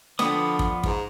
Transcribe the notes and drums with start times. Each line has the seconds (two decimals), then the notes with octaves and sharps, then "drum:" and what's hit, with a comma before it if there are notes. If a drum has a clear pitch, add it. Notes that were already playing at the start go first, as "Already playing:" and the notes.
0.19 D3 F3 B3 D5 D#6, drum: snare
0.59 drum: kick
0.84 G#2, drum: kick